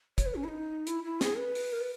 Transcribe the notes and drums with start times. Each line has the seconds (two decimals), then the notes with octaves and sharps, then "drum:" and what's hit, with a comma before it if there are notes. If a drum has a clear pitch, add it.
0.18 C#5, drum: kick, hi-hat
0.26 B4
0.35 C#4
0.44 E4
0.48 D#4
0.87 E4, drum: hi-hat
1.04 E4
1.21 G#4, drum: snare
1.37 B4
1.55 drum: open hi-hat
1.73 A#4
1.81 B4